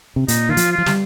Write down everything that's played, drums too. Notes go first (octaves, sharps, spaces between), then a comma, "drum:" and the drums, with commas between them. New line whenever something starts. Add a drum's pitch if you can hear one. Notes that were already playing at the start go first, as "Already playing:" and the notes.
C3
A#2 D#4, drum: hi-hat
D#3 F4
F3, drum: hi-hat
F4
F3
G3, drum: snare